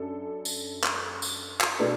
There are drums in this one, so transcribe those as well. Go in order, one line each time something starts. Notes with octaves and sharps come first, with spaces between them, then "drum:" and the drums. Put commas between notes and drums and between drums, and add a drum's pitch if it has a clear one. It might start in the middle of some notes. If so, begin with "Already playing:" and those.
Already playing: F#2 D4 A4
drum: tambourine
drum: clap
drum: tambourine
drum: clap
B2 A3 D4 B4 D5